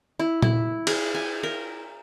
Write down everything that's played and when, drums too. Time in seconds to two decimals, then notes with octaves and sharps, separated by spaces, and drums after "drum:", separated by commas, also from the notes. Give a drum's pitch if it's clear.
0.19 E4
0.42 E4, drum: tom A#2
0.87 G#4, drum: cymbal
1.14 G#5
1.43 A#4